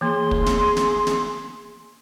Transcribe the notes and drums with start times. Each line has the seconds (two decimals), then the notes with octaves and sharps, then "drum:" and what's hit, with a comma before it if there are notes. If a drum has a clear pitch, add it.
0.01 E3 A#3 G#4 C6
0.31 drum: kick
0.46 drum: snare
0.77 drum: snare
1.07 drum: snare